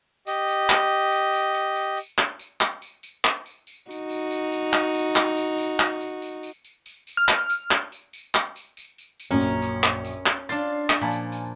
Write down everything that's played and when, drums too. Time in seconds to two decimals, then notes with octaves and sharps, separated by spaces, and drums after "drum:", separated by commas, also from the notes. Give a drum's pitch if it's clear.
0.27 G4 D#5, drum: tambourine
0.48 drum: tambourine
0.69 drum: clap
1.12 drum: tambourine
1.33 drum: tambourine
1.54 drum: tambourine
1.76 drum: tambourine
1.97 drum: tambourine
2.18 drum: clap
2.39 drum: tambourine
2.61 drum: clap
2.82 drum: tambourine
3.03 drum: tambourine
3.24 drum: clap
3.46 drum: tambourine
3.67 drum: tambourine
3.91 D#4 F#4, drum: tambourine
4.10 drum: tambourine
4.31 drum: tambourine
4.52 drum: tambourine
4.73 drum: clap
4.95 drum: tambourine
5.16 drum: clap
5.37 drum: tambourine
5.58 drum: tambourine
5.80 drum: clap
6.01 drum: tambourine
6.22 drum: tambourine
6.43 drum: tambourine
6.65 drum: tambourine
6.86 drum: tambourine
7.07 drum: tambourine
7.17 F6
7.28 drum: clap
7.50 drum: tambourine
7.71 drum: clap
7.92 drum: tambourine
8.13 drum: tambourine
8.35 drum: clap
8.56 drum: tambourine
8.77 drum: tambourine
8.98 drum: tambourine
9.20 drum: tambourine
9.31 A#1 F#2 C#4 A#4
9.41 drum: tambourine
9.62 drum: tambourine
9.83 drum: clap
10.05 drum: tambourine
10.26 drum: clap
10.49 D4 F4 A6 C7, drum: tambourine
10.90 drum: clap
11.01 A#2 F3 F5 G#5 A5 B5
11.11 drum: tambourine
11.32 drum: tambourine